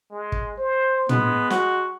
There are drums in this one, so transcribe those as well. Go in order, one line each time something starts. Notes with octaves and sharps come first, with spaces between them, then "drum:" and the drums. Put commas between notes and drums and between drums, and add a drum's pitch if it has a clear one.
G#3
drum: kick
C5
G#3 B3, drum: tom
F#4, drum: snare